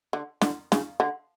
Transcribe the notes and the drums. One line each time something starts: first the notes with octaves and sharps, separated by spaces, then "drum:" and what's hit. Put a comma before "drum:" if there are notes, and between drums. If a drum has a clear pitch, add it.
D3
D3, drum: snare
C#3, drum: snare
D3